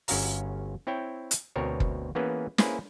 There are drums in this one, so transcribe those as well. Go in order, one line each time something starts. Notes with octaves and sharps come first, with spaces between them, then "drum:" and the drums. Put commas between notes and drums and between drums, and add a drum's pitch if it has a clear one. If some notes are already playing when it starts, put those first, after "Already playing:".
G1 C#4 F#4 F5 A#5, drum: open hi-hat
C4 E4 C#5 G5
drum: hi-hat
D2 B2 C4 A#4 C#5
drum: kick
E3 A#3 B3 C#4 G#4 B4
A#3 C#4 E4 G#4 B4 C5, drum: snare